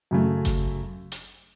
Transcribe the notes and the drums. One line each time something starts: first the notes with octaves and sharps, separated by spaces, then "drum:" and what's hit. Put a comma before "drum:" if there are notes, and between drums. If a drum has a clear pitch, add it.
F#2 C#3 F#3 A3
drum: kick G1, hi-hat
drum: hi-hat